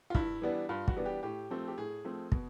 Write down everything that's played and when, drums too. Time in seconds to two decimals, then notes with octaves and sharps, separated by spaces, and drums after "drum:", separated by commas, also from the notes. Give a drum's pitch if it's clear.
0.10 F4
0.15 G2 E4, drum: kick
0.42 E3 G3 B3 D4
0.69 G2 F4
0.88 F#4, drum: kick
0.96 E3 G3 B3 D4
1.05 G4
1.23 A2 G4
1.50 F3 A3 C4
1.68 G4
1.77 A2 G#4
2.05 F3 A3 C4
2.32 B2, drum: kick